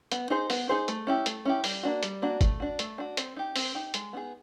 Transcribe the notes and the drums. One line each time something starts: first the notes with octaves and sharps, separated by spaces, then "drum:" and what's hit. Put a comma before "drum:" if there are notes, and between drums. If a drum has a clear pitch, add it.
B3, drum: hi-hat
D#4 G#4 C5
B3, drum: open hi-hat
D#4 G#4 C5
A3, drum: hi-hat
C#4 E4 G4
A3, drum: hi-hat
C#4 E4 G4
G3, drum: open hi-hat
A#3 D4 F#4
G3, drum: hi-hat
A#3 D4 F#4
A3, drum: kick, hi-hat
D4 F#4
A3, drum: hi-hat
D4 F#4
C4, drum: hi-hat
D#4 G4
C4, drum: open hi-hat
D#4 G4
G#3, drum: hi-hat
B3 D#4 G#4